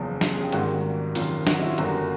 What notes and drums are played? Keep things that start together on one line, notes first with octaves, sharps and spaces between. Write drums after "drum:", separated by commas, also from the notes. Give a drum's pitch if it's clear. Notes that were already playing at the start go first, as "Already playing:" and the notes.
Already playing: F#1 E2 C#3 F3
F4, drum: snare
G#4
G4
G#1 G#2 D#3 G3 A#3 F#4, drum: hi-hat
F#1 F2 C3 D#3 F4, drum: open hi-hat
F#4, drum: snare
E4
F4
G1 F#2 D3 G3 A#3 F#4, drum: hi-hat